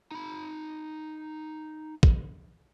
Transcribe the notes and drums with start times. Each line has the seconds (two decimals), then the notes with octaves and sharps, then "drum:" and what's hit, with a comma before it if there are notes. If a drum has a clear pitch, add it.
0.11 D#4 B5
2.03 drum: kick